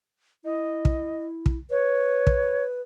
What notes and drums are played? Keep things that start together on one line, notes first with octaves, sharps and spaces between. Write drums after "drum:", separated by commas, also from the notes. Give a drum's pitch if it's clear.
E4 D#5
drum: kick
drum: kick
B4 C#5
drum: kick